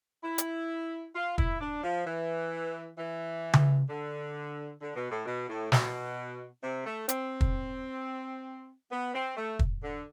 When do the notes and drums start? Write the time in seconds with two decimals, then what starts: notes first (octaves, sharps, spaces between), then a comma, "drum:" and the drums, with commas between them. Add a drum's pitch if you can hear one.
0.24 E4
0.38 drum: hi-hat
1.15 F4
1.38 E4, drum: kick
1.61 D4
1.84 F3
2.06 E3
2.98 E3
3.53 drum: tom C#3
3.90 D3
4.81 D3
4.96 B2
5.11 A2
5.26 B2
5.49 A2
5.72 B2, drum: snare
6.63 C3
6.86 A3
7.09 C4, drum: hi-hat
7.41 drum: kick
8.92 B3
9.14 C4
9.37 A3
9.59 drum: kick
9.83 D3